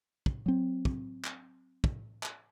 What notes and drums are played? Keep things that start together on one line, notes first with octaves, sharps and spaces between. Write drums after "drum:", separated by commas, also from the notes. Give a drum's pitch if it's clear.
drum: kick
F#3 C4
drum: kick
drum: clap
drum: kick
drum: clap